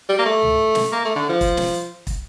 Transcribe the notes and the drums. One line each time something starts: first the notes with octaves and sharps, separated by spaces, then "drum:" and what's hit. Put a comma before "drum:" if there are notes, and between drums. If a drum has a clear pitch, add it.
G3
A#3
A3
drum: tom C#2
drum: snare
A#3
A3
D3
F3
drum: kick, hi-hat
drum: snare
drum: hi-hat
drum: kick, hi-hat